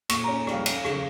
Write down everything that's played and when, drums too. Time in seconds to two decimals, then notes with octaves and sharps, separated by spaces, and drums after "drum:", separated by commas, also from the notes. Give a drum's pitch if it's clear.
0.09 A#2 C#6, drum: cymbal
0.24 C#4 A#5
0.47 G3 F5, drum: rim click
0.66 C#4 F5, drum: cymbal
0.84 C#3, drum: rim click